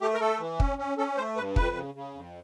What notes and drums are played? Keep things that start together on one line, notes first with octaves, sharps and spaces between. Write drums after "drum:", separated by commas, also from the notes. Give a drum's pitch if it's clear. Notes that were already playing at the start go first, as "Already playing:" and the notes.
A3 G4
A#4
A3 A4
E3
C#4, drum: kick
C#4
C#4 A4
A3 C5
G2 B4
F2 B4, drum: kick
C#3
C#3
F2